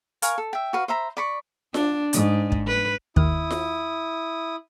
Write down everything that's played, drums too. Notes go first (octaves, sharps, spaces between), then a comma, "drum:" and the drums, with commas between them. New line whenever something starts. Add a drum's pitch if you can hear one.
A#4 F5 G#5 C#6, drum: hi-hat
A4
E5 G5
F#4 B4 F5
C5 E5 A#5 B5
D5 B5 C#6
D4, drum: snare F4
G#2, drum: hi-hat
drum: kick
B4
D#2 D#3 E4 D#6 F6, drum: kick
drum: snare F4